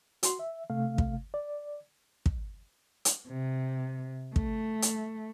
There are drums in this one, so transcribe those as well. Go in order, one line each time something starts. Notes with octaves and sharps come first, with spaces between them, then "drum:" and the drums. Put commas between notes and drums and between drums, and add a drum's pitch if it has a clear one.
F#4 C6, drum: hi-hat
E5
C3 A3 F5
drum: kick
D5
drum: kick
drum: hi-hat
C3
A3, drum: kick
drum: hi-hat